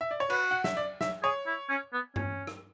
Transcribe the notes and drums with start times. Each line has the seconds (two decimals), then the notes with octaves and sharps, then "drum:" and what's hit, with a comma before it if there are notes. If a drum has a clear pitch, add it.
0.01 E5
0.11 D5
0.20 C#5
0.30 F#4 B4, drum: cymbal
0.51 F#5
0.64 E5, drum: snare
0.77 D5
1.01 E5, drum: snare
1.23 G#4 C#5
1.47 E4
1.69 C#4
1.93 B3
2.16 C#4, drum: tom G2
2.47 drum: rim click